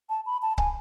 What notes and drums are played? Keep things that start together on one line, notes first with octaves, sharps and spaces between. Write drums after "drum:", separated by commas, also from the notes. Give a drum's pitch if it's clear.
A5
B5
A5
G#5, drum: kick C#1